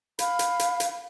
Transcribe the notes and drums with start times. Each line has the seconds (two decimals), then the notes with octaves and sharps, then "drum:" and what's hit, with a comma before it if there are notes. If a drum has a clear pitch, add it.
0.19 F5 B5, drum: hi-hat
0.39 drum: hi-hat
0.59 drum: hi-hat
0.80 drum: hi-hat